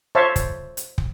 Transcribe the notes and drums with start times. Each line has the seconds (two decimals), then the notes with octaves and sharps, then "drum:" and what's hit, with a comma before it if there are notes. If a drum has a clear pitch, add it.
0.15 C5 C#5 E5 F5 A5
0.36 drum: kick, hi-hat
0.77 drum: hi-hat
0.98 drum: kick